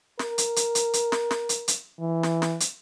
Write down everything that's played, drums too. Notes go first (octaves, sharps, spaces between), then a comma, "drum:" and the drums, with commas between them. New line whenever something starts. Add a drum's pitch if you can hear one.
A#4, drum: snare
drum: hi-hat
drum: hi-hat
drum: hi-hat
drum: hi-hat
drum: snare
drum: snare
drum: hi-hat
drum: hi-hat
E3
drum: snare
drum: snare
drum: hi-hat